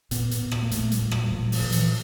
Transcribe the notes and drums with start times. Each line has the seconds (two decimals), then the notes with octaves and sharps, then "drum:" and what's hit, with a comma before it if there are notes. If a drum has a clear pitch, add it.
0.11 A#2 B3, drum: hi-hat
0.31 drum: hi-hat
0.42 A#2
0.51 drum: rim click
0.63 A#3
0.71 A#2 A3, drum: hi-hat
0.92 G3, drum: hi-hat
1.02 A#2
1.11 F#3, drum: rim click
1.32 A#2 F#3
1.52 F3, drum: open hi-hat
1.62 A#2
1.72 E3, drum: hi-hat